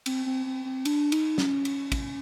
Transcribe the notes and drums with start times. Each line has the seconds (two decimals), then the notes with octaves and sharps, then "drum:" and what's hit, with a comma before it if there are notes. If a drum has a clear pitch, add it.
0.06 C4, drum: cymbal
0.26 C4
0.46 C4
0.65 C4
0.85 D4, drum: cymbal
1.12 D#4, drum: cymbal
1.38 C#4, drum: snare
1.65 drum: cymbal
1.92 drum: kick, cymbal